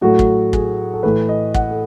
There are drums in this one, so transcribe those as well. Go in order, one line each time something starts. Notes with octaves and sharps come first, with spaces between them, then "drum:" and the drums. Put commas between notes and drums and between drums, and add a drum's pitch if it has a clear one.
A2 F#3 A3 F#4
drum: kick
G#4, drum: kick
A4
A2 E3 A3 B4
D#5
F#5, drum: kick
A4